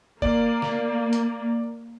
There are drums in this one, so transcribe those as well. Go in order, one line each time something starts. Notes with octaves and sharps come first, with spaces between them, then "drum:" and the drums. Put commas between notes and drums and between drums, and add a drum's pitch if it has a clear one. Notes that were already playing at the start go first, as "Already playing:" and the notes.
A#3 D5, drum: kick F#1
drum: snare
drum: hi-hat